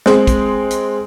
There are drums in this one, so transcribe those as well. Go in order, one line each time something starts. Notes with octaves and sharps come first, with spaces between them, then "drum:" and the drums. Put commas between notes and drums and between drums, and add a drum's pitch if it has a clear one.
G#3 C4, drum: snare
drum: kick, hi-hat
drum: hi-hat